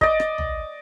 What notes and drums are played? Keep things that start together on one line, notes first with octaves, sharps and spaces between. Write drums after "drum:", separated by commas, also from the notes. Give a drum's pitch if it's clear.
D5 D#5, drum: kick
drum: rim click
drum: tom